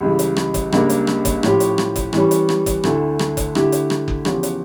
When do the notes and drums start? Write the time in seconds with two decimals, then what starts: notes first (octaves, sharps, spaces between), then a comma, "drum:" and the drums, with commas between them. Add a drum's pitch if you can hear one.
0.01 C#2 C#3 E3 G3
0.19 drum: hi-hat
0.36 drum: rim click
0.54 drum: kick F#1, hi-hat
0.72 C#2 C#3 G3 A#3 D4, drum: rim click
0.90 drum: hi-hat
1.07 drum: rim click
1.25 drum: kick F#1, hi-hat
1.43 A2 F3 C#4 G4, drum: rim click
1.60 drum: hi-hat
1.78 drum: rim click
1.96 drum: kick F#1, hi-hat
2.13 E3 G3 C#4, drum: rim click
2.31 drum: hi-hat
2.49 drum: rim click
2.66 drum: kick F#1, hi-hat
2.84 D2 D3 A3 E4 A4, drum: rim click
3.19 drum: rim click
3.37 drum: kick F#1, hi-hat
3.55 D3 A3 E4 G4, drum: rim click
3.72 drum: hi-hat
3.90 drum: rim click
4.08 drum: kick F#1
4.25 E2 C#3 F3 C#4 G4, drum: rim click
4.43 drum: hi-hat